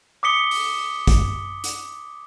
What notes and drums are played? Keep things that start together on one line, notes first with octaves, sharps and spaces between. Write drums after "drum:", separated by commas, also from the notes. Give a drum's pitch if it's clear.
D6 D#6 B6 C#7 G7
drum: open hi-hat
drum: kick, hi-hat
drum: hi-hat